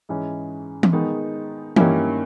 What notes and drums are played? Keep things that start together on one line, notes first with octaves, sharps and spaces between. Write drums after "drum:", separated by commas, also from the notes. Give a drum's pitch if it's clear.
G#2 E3 G#3 C#4
drum: tom E3
D#3 G#3 B3 D#4
G2 D#3 A#3 C#4 E4, drum: tom E3